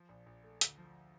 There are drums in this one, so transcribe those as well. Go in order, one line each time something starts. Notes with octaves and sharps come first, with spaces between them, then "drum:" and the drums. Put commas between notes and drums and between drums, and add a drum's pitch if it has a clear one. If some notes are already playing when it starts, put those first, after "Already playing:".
Already playing: F3
A#1
A#1
A3
D2, drum: hi-hat
F3